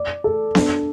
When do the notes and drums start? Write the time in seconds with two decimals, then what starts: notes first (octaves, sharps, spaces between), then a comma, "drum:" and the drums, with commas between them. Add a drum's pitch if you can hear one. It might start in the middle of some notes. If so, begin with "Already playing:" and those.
Already playing: D5
0.24 A4
0.55 D4, drum: snare B3